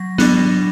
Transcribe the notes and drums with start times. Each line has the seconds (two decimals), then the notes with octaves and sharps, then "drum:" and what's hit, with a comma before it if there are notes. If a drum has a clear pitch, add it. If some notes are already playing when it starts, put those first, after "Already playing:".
Already playing: F#3 A#6
0.18 B3 D4, drum: snare